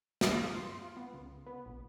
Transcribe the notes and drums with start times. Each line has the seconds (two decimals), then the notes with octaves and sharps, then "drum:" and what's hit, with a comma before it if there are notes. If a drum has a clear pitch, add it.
0.21 D#6, drum: snare
0.34 F4
0.55 C6
0.82 F4
0.97 B3
1.14 C#2
1.47 B3
1.66 A#1